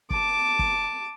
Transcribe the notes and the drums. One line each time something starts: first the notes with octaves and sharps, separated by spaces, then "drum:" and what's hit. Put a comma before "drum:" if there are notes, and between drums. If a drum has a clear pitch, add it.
A5 D6, drum: kick
drum: kick